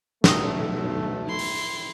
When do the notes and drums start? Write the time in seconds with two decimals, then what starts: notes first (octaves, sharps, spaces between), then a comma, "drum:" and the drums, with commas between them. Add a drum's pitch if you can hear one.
0.24 B1 A#2 D#3 A3 D#5, drum: snare
1.26 E4 C6
1.39 drum: open hi-hat